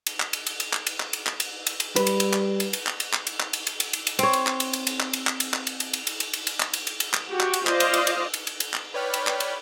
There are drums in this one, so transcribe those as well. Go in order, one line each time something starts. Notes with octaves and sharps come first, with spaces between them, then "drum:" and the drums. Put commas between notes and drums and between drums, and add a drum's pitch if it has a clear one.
drum: cymbal
drum: clap
drum: cymbal
drum: cymbal
drum: cymbal
drum: clap
drum: cymbal
drum: clap
drum: cymbal
drum: clap
drum: cymbal
drum: cymbal
drum: cymbal
G3 B4, drum: cymbal
drum: cymbal
drum: cymbal
drum: clap
drum: cymbal
drum: cymbal
drum: clap
drum: cymbal
drum: clap
drum: cymbal
drum: clap
drum: cymbal
drum: cymbal
drum: cymbal
drum: cymbal
drum: cymbal
C4 C#5, drum: cymbal
drum: cymbal
drum: clap
drum: cymbal
drum: cymbal
drum: cymbal
drum: clap
drum: cymbal
drum: clap
drum: cymbal
drum: clap
drum: cymbal
drum: cymbal
drum: cymbal
drum: cymbal
drum: cymbal
drum: cymbal
drum: cymbal
drum: clap
drum: cymbal
drum: cymbal
drum: cymbal
drum: clap
F#4 G4
drum: clap
drum: cymbal
F4 C5 D5 D#5 F5, drum: clap
drum: cymbal
drum: cymbal
drum: cymbal
drum: cymbal
drum: cymbal
drum: cymbal
drum: clap
B4 C#5 D5 G5 B5 F6
drum: cymbal
drum: clap
drum: cymbal